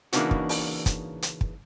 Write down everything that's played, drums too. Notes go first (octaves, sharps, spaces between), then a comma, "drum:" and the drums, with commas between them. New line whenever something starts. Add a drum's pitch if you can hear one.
C#3 E3 A#3 D4 D#4 F#4, drum: hi-hat
drum: kick
drum: open hi-hat
drum: kick, hi-hat
drum: hi-hat
drum: kick